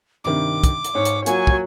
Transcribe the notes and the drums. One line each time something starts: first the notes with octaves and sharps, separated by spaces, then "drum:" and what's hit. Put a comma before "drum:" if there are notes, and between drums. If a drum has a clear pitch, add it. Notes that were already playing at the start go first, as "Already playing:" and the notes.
G2 C3 D#3 D6
drum: kick, hi-hat
drum: hi-hat
G#2 C#5
drum: hi-hat
F#3 A#3 F4 G#5 C#6, drum: hi-hat
drum: kick